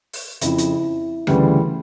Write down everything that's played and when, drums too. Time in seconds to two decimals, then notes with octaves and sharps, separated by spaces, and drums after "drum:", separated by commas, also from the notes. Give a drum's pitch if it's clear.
0.13 drum: open hi-hat
0.41 F2 C#3 F3 E4, drum: hi-hat
0.58 drum: hi-hat
1.27 D2 C#3 E3 G3, drum: rim click